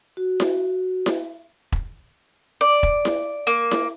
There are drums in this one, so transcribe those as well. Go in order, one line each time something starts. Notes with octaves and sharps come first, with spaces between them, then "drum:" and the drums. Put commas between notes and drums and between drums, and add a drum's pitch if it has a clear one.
F#4
drum: snare E4
drum: snare E4
drum: kick E1
D5
drum: kick E1
drum: snare E4
A#3
drum: snare E4